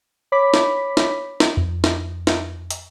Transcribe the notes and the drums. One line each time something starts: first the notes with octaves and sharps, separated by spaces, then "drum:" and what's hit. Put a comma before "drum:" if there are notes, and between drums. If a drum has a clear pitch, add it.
C#5 B5 D6 B6
drum: snare
drum: snare
drum: snare
F2
drum: snare
drum: snare
drum: hi-hat